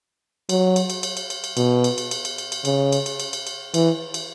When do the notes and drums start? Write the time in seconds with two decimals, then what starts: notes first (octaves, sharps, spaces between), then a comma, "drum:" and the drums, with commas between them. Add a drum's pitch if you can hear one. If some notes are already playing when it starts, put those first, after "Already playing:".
0.49 F#3, drum: cymbal
0.76 drum: cymbal
0.90 drum: cymbal
1.03 drum: cymbal
1.17 drum: cymbal
1.30 drum: cymbal
1.44 drum: cymbal
1.57 B2, drum: cymbal
1.84 drum: cymbal
1.98 drum: cymbal
2.11 drum: cymbal
2.25 drum: cymbal
2.38 drum: cymbal
2.52 drum: cymbal
2.65 C#3, drum: cymbal
2.92 drum: cymbal
3.06 drum: cymbal
3.20 drum: cymbal
3.33 drum: cymbal
3.47 drum: cymbal
3.74 E3, drum: cymbal
4.14 drum: cymbal